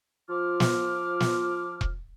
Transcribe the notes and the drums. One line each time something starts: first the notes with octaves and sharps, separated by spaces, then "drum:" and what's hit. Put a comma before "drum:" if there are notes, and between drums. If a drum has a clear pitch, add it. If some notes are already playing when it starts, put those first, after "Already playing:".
F3 F4 D6 F6
drum: snare
drum: snare
drum: kick E1